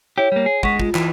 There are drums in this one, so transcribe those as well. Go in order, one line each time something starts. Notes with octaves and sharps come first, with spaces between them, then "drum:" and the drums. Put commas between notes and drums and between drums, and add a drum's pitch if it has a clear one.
E4 G4 C#5
G3 A#3
G#4
G#3 F#5 C#6 B6, drum: kick
F4, drum: kick
E3, drum: clap